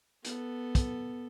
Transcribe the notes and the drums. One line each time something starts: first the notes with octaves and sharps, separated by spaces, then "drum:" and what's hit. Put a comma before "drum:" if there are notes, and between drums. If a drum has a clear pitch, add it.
B3 A4, drum: hi-hat
drum: kick, hi-hat